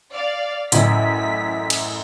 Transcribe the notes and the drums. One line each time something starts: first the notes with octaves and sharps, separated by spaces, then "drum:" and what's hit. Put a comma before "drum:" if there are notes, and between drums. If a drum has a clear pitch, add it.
D5 F5
A1 F#2 A2 B6, drum: hi-hat
drum: cymbal